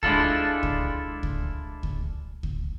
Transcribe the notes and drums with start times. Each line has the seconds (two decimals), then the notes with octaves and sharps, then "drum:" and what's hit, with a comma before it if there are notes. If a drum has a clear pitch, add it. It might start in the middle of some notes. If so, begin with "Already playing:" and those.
0.03 G#3 D4 E4 F4 A4, drum: kick C#2
0.63 drum: kick C#2
1.23 drum: kick C#2
1.83 drum: kick C#2
2.43 drum: kick C#2